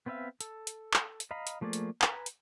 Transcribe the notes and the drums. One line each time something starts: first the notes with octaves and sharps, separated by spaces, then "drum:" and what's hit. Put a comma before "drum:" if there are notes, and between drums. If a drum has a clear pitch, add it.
B3 C4 B4 E5 F5
A4, drum: hi-hat
drum: hi-hat
drum: clap
drum: hi-hat
D#5 F5 A#5 B5
drum: hi-hat
F3 A3 A#3 G#4 D5
drum: hi-hat
B4 G#5 A#5, drum: clap
drum: hi-hat